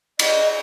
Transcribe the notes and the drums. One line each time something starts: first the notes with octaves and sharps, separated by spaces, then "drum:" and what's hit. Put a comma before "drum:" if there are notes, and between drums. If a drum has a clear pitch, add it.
D#5, drum: cymbal